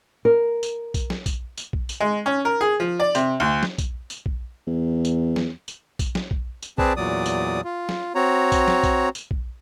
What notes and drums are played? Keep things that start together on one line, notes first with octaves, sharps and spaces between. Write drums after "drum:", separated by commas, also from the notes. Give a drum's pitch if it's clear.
A#4
drum: tambourine
drum: kick A#1, tambourine
drum: snare
drum: kick A#1, tambourine
drum: tambourine
drum: kick A#1
drum: tambourine
G#3
C#4
A#4
G#4
F3
D5
C3, drum: tambourine
D2
drum: snare
drum: kick A#1, tambourine
drum: tambourine
drum: kick A#1
E2
drum: tambourine
drum: snare
drum: tambourine
drum: kick A#1, tambourine
drum: snare
drum: kick A#1
drum: tambourine
C4 G#4 B4 D5 A5, drum: kick A#1
E2 A#2 F#3 D5 D#6
drum: tambourine
F4
drum: snare
C4 F#4 C#5 A#5
drum: kick A#1, tambourine
drum: snare
drum: kick A#1, tambourine
drum: tambourine
drum: kick A#1